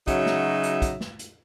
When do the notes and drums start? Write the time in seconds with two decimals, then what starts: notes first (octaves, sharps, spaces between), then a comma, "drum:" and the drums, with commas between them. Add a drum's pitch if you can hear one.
0.07 C#3 F#3 D#4 F#4 E5, drum: kick, hi-hat
0.26 drum: snare
0.63 drum: hi-hat
0.82 drum: kick, hi-hat
1.01 drum: snare
1.19 drum: hi-hat